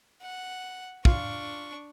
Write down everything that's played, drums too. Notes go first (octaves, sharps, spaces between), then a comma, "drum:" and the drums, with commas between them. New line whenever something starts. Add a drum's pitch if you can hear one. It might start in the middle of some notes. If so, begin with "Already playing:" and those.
F#5
D4 F4 C#6, drum: kick